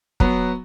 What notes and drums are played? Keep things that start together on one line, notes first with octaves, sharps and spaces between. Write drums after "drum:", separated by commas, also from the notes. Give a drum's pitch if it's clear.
F#3 B3, drum: kick